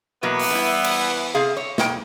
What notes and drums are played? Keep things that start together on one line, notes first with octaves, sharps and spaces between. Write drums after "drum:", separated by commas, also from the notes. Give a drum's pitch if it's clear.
B2 E3 F#3 A#3 B3
drum: open hi-hat
G3 E4
drum: cymbal
C3 G#4 F5
C#5
B2 A#3 G5, drum: snare